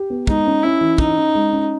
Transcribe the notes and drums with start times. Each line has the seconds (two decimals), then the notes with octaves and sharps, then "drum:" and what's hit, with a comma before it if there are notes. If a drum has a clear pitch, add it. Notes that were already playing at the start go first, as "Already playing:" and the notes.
Already playing: G4
0.10 B3
0.27 G#3 D#4, drum: kick
0.46 C#4
0.63 C#4 E4
0.81 E3
0.98 C#4 D#4, drum: kick
1.17 C#4
1.35 G#3
1.53 C#4